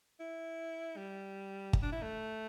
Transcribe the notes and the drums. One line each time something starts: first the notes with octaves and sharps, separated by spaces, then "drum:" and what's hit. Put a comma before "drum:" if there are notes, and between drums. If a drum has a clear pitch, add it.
E4
G3
drum: kick
D4
E4
A3